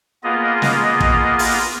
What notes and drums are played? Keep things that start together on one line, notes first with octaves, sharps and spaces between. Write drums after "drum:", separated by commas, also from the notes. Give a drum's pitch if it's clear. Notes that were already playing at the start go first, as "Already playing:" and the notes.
A#3 B3 F4 G#4 D#5
drum: snare
drum: kick
drum: open hi-hat